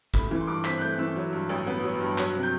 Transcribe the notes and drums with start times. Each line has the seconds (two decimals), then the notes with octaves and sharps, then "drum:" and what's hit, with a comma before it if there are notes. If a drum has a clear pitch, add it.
0.14 A3 B5, drum: kick
0.31 E3
0.41 C6
0.47 G2 D6
0.65 C4 B6, drum: clap
0.78 F#6
0.81 A3 G6
0.99 E3 E6
1.16 F#3
1.33 G2
1.49 A1
1.67 B3
1.84 F#3
2.01 G2
2.18 F#3 F#6, drum: clap
2.35 C3
2.43 G6